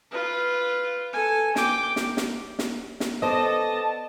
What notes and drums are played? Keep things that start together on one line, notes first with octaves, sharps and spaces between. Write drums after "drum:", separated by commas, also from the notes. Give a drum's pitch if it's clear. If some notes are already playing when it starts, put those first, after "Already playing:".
F4 B4
A4 G#5
G5 D6, drum: snare
drum: snare
drum: snare
drum: snare
drum: snare
B3 A4 C5 D5 D#5 A5